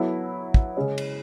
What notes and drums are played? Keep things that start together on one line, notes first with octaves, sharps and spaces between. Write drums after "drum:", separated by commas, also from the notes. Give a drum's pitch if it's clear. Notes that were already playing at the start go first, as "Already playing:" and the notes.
Already playing: F#3 B3 E4 A4
drum: kick
C#3 G#3 C#4
drum: cymbal